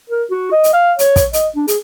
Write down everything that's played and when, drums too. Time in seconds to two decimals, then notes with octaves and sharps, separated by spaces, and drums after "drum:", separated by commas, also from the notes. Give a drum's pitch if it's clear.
0.10 A#4
0.31 F#4
0.52 D#5
0.64 drum: hi-hat
0.73 F5
0.99 C#5, drum: hi-hat
1.16 drum: kick, hi-hat
1.33 D#5, drum: hi-hat
1.56 D4
1.68 G#4, drum: hi-hat